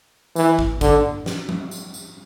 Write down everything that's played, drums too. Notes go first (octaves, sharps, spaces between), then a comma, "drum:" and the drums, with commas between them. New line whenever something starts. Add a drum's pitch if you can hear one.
E3, drum: tambourine
drum: kick
D3, drum: kick, tambourine
drum: snare
drum: tom F3
drum: tambourine
drum: tambourine